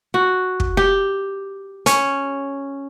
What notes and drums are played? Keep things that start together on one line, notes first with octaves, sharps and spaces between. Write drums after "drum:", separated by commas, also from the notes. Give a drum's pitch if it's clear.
F#4
drum: kick
G4
C#4, drum: hi-hat